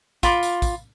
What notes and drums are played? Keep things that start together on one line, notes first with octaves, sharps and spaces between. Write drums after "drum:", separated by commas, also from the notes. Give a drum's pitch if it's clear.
F4 B5 D6, drum: kick, tambourine
drum: tambourine
drum: kick, tambourine